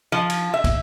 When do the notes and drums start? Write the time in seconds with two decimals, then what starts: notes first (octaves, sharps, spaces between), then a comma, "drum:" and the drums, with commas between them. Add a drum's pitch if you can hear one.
0.12 F3
0.30 drum: cymbal
0.54 E5
0.64 drum: kick, cymbal